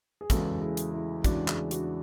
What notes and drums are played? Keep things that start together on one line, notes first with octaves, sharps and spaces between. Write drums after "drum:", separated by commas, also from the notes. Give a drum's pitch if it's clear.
G#4
E2 C#3 G#3 F#4 A4, drum: kick, hi-hat
E4 G#4
drum: hi-hat
E4 G#4
E2 C#3 G#3 D4 F#4, drum: kick, hi-hat
E4 G#4, drum: clap
D4 F#4, drum: hi-hat